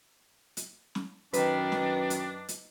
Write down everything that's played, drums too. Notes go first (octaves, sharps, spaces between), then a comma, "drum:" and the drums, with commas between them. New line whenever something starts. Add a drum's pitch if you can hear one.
drum: hi-hat
drum: snare
F#2 D#3 D4 B4, drum: hi-hat
drum: snare
drum: hi-hat
drum: hi-hat